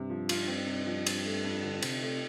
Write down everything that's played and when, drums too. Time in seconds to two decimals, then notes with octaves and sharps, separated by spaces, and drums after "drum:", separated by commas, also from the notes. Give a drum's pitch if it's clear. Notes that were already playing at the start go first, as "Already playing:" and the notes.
Already playing: G2 C3
0.10 F3
0.29 F4, drum: cymbal
0.48 C4
0.67 C3
0.86 F3
1.06 C4, drum: cymbal
1.25 A3
1.44 F2
1.63 D3
1.82 C3 C4, drum: cymbal
2.02 A3